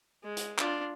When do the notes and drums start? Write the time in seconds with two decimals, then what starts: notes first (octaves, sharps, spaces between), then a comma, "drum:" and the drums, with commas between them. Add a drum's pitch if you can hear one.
0.23 G#3
0.37 drum: hi-hat
0.59 D4 F4, drum: clap